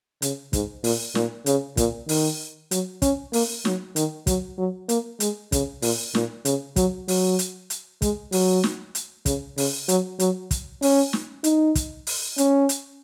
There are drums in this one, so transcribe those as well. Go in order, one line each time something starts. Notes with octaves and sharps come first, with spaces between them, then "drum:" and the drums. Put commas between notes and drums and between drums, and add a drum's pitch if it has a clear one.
C#3, drum: hi-hat
G#2, drum: kick, hi-hat
A#2, drum: open hi-hat
A#2, drum: snare
C#3, drum: hi-hat
A#2, drum: kick, hi-hat
D#3, drum: open hi-hat
F#3, drum: hi-hat
C#4, drum: kick, hi-hat
A#3, drum: open hi-hat
F#3, drum: snare
D#3, drum: hi-hat
F#3, drum: kick, hi-hat
F#3
A#3, drum: hi-hat
G#3, drum: hi-hat
C#3, drum: kick, hi-hat
A#2, drum: open hi-hat
A#2, drum: snare
C#3, drum: hi-hat
F#3, drum: kick, hi-hat
F#3, drum: open hi-hat
drum: hi-hat
drum: hi-hat
G#3, drum: kick, hi-hat
F#3, drum: open hi-hat
drum: snare
drum: hi-hat
C#3, drum: kick, hi-hat
C#3, drum: open hi-hat
F#3, drum: hi-hat
F#3, drum: hi-hat
drum: kick, hi-hat
C#4, drum: open hi-hat
drum: snare
D#4, drum: hi-hat
drum: kick, hi-hat
drum: open hi-hat
C#4, drum: hi-hat
drum: hi-hat